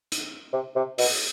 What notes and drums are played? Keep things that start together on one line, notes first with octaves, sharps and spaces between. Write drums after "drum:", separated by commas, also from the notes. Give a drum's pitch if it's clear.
drum: hi-hat
C3
C3
B2, drum: open hi-hat